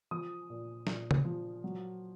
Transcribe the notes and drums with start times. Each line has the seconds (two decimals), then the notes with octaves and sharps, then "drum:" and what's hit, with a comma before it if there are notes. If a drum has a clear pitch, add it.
0.11 F3 D#6
0.50 A#2
0.87 A#2, drum: snare
1.11 drum: tom
1.25 F3
1.64 F#3